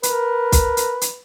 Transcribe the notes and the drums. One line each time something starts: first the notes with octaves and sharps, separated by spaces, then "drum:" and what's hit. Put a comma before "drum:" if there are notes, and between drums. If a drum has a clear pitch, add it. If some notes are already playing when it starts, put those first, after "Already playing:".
A#4 B4, drum: hi-hat
drum: kick, hi-hat
drum: hi-hat
drum: hi-hat